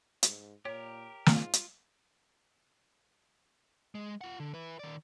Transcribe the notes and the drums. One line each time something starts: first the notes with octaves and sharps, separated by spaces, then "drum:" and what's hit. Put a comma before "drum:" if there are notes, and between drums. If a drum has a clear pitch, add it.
G#2, drum: hi-hat
A#2 G4 A#4 C#5
G#2 F4, drum: snare
drum: hi-hat
G#3
F4 F#5
D3
E4 B4
D#3 D5